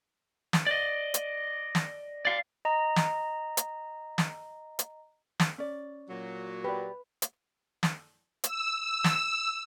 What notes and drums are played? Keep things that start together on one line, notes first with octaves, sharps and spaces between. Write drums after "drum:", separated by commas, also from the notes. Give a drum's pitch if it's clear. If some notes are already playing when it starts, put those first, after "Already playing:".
drum: snare
D5 D#5
drum: hi-hat
drum: snare
D5 F5
D#5 A#5
drum: snare
drum: hi-hat
drum: snare
drum: hi-hat
drum: snare
C#4 D5
A#2 F#3
G4 B4 D5
drum: hi-hat
drum: snare
E6, drum: hi-hat
E6
drum: snare